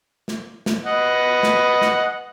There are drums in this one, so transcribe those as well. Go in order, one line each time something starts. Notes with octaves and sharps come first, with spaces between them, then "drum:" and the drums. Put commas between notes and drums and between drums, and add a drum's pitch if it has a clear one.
drum: snare
drum: snare
B4 D#5 F#5
drum: snare
drum: snare